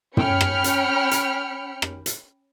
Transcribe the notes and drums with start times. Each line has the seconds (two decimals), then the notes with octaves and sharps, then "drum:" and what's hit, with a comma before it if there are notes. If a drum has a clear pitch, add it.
0.17 C#4 G5 B5 F6 C#7, drum: tom
0.41 drum: rim click
0.64 drum: hi-hat
1.11 drum: hi-hat
1.82 drum: rim click
2.06 drum: hi-hat